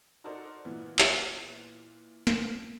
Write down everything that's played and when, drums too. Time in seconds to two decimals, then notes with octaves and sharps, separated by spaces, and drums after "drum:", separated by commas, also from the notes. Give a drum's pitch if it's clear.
0.24 D#4 F#4 A4 A#4 C5 D5
0.65 A#2 E3 B3
0.99 drum: clap
2.27 drum: snare